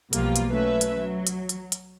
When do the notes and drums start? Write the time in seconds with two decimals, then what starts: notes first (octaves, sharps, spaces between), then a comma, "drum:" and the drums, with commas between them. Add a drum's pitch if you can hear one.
0.13 B1 B2 F3 G3 A#3 F4, drum: hi-hat
0.36 drum: hi-hat
0.50 F#3 A3 C#4 B4 E5
0.81 drum: hi-hat
0.99 F#3
1.27 drum: hi-hat
1.49 drum: hi-hat
1.72 drum: hi-hat